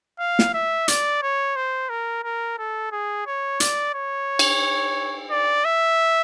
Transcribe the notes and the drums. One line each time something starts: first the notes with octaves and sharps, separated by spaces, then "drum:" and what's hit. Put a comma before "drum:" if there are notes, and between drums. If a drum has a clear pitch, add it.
F5
drum: snare
E5
D5, drum: hi-hat
C#5
C5
A#4
A#4
A4
G#4
C#5
D5, drum: hi-hat
C#5
drum: cymbal
D5
E5